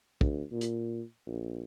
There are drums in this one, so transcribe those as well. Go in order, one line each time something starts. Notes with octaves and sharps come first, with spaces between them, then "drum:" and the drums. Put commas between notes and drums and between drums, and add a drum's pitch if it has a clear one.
D2, drum: kick
A#2
drum: hi-hat
A#1